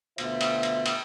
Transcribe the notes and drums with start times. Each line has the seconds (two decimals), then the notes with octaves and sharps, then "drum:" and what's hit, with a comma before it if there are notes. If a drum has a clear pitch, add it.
0.18 D2 B2 F4 C5 E5, drum: cymbal
0.41 drum: cymbal
0.63 drum: cymbal
0.86 drum: cymbal